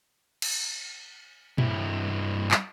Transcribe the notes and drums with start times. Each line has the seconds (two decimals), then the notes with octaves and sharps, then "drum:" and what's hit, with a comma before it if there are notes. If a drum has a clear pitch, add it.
0.42 drum: cymbal
1.58 G2 E4, drum: tom A#2
2.51 drum: clap